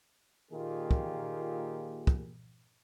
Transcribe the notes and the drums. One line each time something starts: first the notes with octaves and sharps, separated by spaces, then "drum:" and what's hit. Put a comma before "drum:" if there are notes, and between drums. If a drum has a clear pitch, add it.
A#2 D#3 A#3 F4 G4 G#4
drum: kick
drum: kick